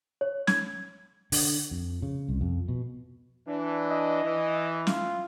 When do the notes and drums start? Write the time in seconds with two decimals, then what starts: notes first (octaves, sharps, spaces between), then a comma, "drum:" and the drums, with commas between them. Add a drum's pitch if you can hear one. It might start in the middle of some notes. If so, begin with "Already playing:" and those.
0.21 C#5
0.47 G#6, drum: snare
1.32 D3, drum: open hi-hat
1.71 F2
2.02 C#3
2.28 C2
2.41 F2
2.68 B2
3.47 E3 D4
3.91 D#5
4.23 E3
4.87 F4, drum: snare